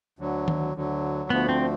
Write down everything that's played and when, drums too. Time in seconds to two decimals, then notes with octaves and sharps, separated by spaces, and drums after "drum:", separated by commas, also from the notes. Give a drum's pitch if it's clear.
0.19 D2 D3 F#3
0.48 drum: tom D#3
0.75 D2 D3 F#3
1.30 D2 D3 F3 A3 B3
1.49 C4